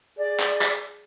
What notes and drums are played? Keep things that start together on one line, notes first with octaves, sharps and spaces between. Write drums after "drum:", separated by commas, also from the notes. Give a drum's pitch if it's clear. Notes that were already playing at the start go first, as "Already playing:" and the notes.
G#4 D5
drum: clap
drum: clap